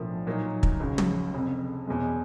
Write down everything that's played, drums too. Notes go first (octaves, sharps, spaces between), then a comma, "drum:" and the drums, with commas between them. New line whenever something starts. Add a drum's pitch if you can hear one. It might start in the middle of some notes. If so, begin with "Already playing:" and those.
Already playing: B1 A2 F3 A#3 D4
A#2 F#3 A#3 D#4
drum: kick
C#2 C#3 F#3
drum: tom
F1 F2 C#3
E1 E2 B2 G#3